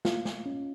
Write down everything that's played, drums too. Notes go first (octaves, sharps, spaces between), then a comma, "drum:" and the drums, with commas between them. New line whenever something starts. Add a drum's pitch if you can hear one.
A#3 F4, drum: snare
A#3, drum: snare
C#4